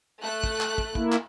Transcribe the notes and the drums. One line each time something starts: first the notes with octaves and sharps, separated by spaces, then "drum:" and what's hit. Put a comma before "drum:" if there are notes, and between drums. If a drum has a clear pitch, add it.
A3 F#6
drum: kick
drum: clap
drum: kick
A#3 E4, drum: kick
drum: clap